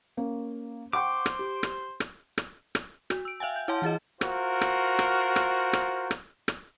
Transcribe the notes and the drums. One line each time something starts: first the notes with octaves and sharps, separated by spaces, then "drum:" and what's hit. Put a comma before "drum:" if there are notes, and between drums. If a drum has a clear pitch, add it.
A#3 C#4
C5 F#5 G5 C#6 D6
drum: rim click
G4
drum: rim click
drum: rim click
drum: rim click
drum: rim click
F#4, drum: rim click
E6 D7
E5 F5 G5 G#5
G6
E4 C#5 F#5 A5 C6
E3 E4 G#4 D#5
F4 F#4 A#4 C5, drum: rim click
drum: rim click
drum: rim click
drum: rim click
drum: rim click
drum: rim click
drum: rim click